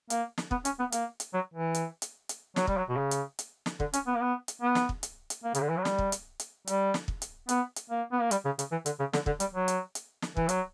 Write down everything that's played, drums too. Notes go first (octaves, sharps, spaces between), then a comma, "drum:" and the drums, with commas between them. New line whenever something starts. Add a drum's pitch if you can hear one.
A#3, drum: hi-hat
drum: snare
B3, drum: kick
C#4, drum: hi-hat
B3
A#3, drum: hi-hat
drum: hi-hat
F#3
E3
drum: hi-hat
drum: hi-hat
drum: hi-hat
F#3, drum: snare
G3, drum: kick
F#3
B2
C#3
drum: hi-hat
drum: hi-hat
drum: snare
D3, drum: kick
C#4, drum: hi-hat
B3
A#3
B3
drum: hi-hat
B3
drum: snare
drum: kick
drum: hi-hat
drum: hi-hat
A#3
C#3, drum: hi-hat
D3
E3
F#3
G3, drum: snare
drum: kick
drum: hi-hat
drum: hi-hat
G3, drum: hi-hat
drum: snare
drum: kick
drum: hi-hat
B3, drum: hi-hat
drum: hi-hat
A#3
B3
A#3
G3, drum: hi-hat
C#3
C#3, drum: hi-hat
E3
D3, drum: hi-hat
C#3
D3, drum: snare
D3, drum: kick
G3, drum: hi-hat
F#3
drum: hi-hat
drum: hi-hat
drum: snare
E3, drum: kick
F#3, drum: hi-hat